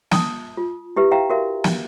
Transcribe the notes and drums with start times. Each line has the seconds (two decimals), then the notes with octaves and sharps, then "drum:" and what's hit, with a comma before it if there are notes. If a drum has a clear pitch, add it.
0.11 A5 D#6, drum: snare
0.57 F4
0.96 E4 G4 B4 E5
1.11 E4 E5 F5 G5 A#5
1.30 F#4 A#4 E5 F5
1.64 drum: snare